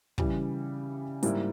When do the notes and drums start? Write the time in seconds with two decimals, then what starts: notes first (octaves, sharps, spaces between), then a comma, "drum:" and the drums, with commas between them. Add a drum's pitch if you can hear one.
0.18 C#3 E3 G3, drum: kick
1.23 G#2 G3 A#3 E4, drum: hi-hat